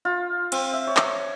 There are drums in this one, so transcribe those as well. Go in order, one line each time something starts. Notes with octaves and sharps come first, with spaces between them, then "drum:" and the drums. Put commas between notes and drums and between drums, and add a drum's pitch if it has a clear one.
F4
C4, drum: cymbal
E5
C#5
drum: clap